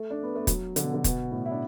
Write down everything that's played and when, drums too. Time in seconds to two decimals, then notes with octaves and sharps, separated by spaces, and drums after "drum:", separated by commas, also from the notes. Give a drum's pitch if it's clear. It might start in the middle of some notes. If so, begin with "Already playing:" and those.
Already playing: A3
0.10 D4
0.23 B3
0.35 A3
0.47 F#3, drum: kick, hi-hat
0.76 D3, drum: hi-hat
0.84 B2
0.94 D3
1.04 B2, drum: kick, hi-hat
1.32 A2
1.45 E4
1.51 D4